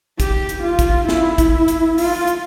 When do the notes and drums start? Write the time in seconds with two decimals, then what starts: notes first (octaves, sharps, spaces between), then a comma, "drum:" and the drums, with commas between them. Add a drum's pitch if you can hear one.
0.20 G4, drum: kick, hi-hat
0.49 drum: hi-hat
0.64 F4
0.79 drum: kick, hi-hat
1.09 E4, drum: snare
1.38 drum: kick, hi-hat
1.68 drum: hi-hat
1.98 F4, drum: open hi-hat
2.27 drum: hi-hat